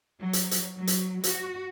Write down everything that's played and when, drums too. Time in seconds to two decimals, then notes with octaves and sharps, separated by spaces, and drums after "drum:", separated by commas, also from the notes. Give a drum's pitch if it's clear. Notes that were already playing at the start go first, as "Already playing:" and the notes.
0.20 F#3
0.33 drum: hi-hat
0.51 drum: hi-hat
0.76 F#3
0.87 drum: hi-hat
1.24 F#4, drum: hi-hat